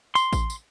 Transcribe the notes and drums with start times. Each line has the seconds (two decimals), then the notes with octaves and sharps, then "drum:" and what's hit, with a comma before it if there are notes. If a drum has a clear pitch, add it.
0.15 C6, drum: tambourine
0.33 drum: kick A1, tambourine
0.50 drum: tambourine